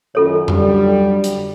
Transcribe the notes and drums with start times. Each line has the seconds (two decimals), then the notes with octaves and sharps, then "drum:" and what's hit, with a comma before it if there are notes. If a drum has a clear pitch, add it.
0.15 F#2 D#3 F4 A4 C#5
0.48 D3 F#3 G3, drum: tom F2
1.24 drum: hi-hat